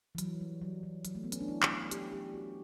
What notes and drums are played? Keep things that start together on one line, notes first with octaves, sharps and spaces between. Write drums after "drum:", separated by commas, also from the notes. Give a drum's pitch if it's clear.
E3
F#3, drum: hi-hat
G3
F#3
F#3
F#3, drum: hi-hat
A3
B3
C#4, drum: hi-hat
D4
E4
drum: clap
G4, drum: hi-hat
G4
F#4